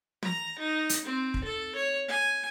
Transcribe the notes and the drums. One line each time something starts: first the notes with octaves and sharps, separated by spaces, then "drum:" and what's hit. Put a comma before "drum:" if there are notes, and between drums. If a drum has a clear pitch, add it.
A#5, drum: tom
D#4
drum: hi-hat
C4
drum: kick
A4
C#5
G#5